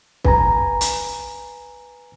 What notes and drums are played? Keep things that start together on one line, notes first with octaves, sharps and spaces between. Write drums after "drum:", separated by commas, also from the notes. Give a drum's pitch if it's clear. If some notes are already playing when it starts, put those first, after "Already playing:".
B4 G#5 A#5, drum: kick
drum: hi-hat